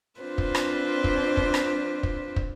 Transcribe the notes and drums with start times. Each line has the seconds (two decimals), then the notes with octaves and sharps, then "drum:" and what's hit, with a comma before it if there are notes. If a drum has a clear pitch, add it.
0.22 C4 D4 F4 B4 C5
0.38 drum: kick
0.55 drum: rim click
1.04 drum: kick
1.37 drum: kick
1.54 drum: rim click
2.03 drum: kick
2.36 drum: kick